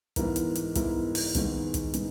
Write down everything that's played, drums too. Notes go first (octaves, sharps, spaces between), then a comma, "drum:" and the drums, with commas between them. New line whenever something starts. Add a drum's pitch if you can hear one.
G#2 E3 B3 E4 A#4, drum: kick, hi-hat
drum: hi-hat
drum: hi-hat
G#2 E3 B3 E4 A#4, drum: kick, hi-hat
drum: open hi-hat
G#2 D#3 G#3 B3, drum: kick, hi-hat
drum: kick, hi-hat
D#3 G#3 B3, drum: hi-hat